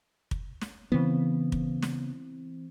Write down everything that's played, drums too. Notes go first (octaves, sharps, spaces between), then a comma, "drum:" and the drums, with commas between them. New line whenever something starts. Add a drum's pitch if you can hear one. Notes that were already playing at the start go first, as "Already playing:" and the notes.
drum: kick
drum: snare
C#3 E3 B3 C4
drum: kick
drum: snare